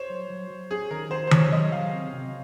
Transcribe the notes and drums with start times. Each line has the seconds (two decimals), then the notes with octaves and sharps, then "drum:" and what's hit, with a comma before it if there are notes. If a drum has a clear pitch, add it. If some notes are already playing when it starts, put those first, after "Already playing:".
Already playing: C5 C#5
0.10 F#3
0.30 F#3
0.50 F#3
0.71 C#4 G#4
0.91 D#3 A#4
1.11 C#4 C5
1.27 C5
1.31 D#3 C#5, drum: tom D#3
1.52 F#3 D#5
1.72 F#3 F5
1.93 C4
2.13 C3